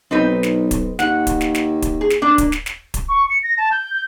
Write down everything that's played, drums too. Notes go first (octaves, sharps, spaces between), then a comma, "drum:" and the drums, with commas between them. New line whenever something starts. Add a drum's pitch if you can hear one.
B1 C4 D#4 B4
drum: snare
drum: kick D1, hi-hat
D#2 F#5, drum: snare
drum: kick D1, hi-hat
drum: snare
drum: snare
drum: kick D1, hi-hat
G#4
drum: snare
A#3 D4
drum: kick D1, hi-hat
drum: snare
drum: snare
drum: kick D1, hi-hat
C#6
C#7
A#6
A5
G6
G6